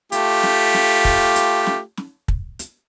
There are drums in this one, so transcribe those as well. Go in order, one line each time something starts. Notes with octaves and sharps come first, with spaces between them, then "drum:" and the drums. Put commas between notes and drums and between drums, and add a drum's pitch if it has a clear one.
A3 F4 G4, drum: hi-hat
drum: snare
drum: snare
drum: kick
drum: hi-hat
drum: snare
drum: snare
drum: kick
drum: hi-hat